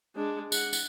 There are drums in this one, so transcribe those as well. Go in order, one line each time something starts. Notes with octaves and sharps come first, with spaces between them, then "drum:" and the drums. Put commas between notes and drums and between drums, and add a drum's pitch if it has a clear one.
G#3 D4
F#5, drum: tambourine
drum: tambourine